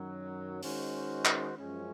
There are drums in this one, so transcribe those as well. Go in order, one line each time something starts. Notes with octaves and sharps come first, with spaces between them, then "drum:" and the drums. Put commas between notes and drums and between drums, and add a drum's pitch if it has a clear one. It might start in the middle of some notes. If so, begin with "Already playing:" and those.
Already playing: F#2 D#3 F#3
D#3 G#3 C#4 F#4 C5, drum: open hi-hat
drum: clap
F#2 F3 G#3 C#4